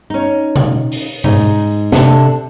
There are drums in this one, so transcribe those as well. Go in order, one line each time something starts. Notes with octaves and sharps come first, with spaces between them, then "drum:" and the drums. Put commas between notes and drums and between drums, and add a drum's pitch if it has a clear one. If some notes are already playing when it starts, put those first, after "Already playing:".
C#4 D#4
drum: tom B2
drum: open hi-hat
G#2 D#4, drum: tom B2
C3 D4 A4, drum: snare